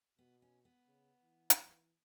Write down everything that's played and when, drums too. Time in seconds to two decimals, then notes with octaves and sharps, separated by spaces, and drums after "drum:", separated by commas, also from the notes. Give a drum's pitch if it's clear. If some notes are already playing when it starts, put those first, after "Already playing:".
0.19 B2 B3
0.42 C#4
0.65 B3
0.87 C#3
1.22 E3
1.50 drum: hi-hat